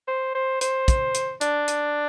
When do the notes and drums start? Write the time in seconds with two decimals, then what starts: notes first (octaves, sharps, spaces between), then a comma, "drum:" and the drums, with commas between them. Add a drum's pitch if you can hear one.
0.08 C5
0.35 C5
0.61 C5, drum: hi-hat
0.88 drum: kick, hi-hat
1.15 drum: hi-hat
1.41 D4, drum: hi-hat
1.68 drum: hi-hat